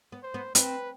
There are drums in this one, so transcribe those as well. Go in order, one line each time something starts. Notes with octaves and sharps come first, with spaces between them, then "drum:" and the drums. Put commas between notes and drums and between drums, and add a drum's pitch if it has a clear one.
B3
C5
B3
C4 B4, drum: hi-hat